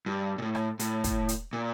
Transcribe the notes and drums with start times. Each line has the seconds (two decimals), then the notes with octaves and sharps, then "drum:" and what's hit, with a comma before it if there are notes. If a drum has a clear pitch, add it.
0.06 G2
0.38 A#2
0.42 A2
0.55 drum: rim click
0.79 A2, drum: hi-hat
1.04 drum: kick, hi-hat
1.29 drum: hi-hat
1.53 A#2